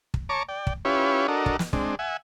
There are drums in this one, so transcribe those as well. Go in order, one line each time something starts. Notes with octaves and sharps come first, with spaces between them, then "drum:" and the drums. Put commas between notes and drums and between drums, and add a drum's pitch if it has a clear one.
drum: kick
C#5 A5 A#5 C#6 D6
D5 G5
drum: kick
C#4 E4 F4 G4 B4 C#5
D4 F#4 A4 A#4 D#5
drum: kick
drum: snare
G#3 C4 D4, drum: kick
E5 F#5 G#5